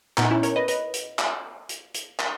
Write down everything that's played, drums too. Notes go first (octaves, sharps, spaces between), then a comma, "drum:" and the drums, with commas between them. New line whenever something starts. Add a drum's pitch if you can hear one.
A#2 B3 D#4, drum: clap
C#4 E4
A#4 C#5, drum: hi-hat
B4 D#5
B4 D#5, drum: hi-hat
drum: hi-hat
drum: clap
drum: hi-hat
drum: hi-hat
drum: clap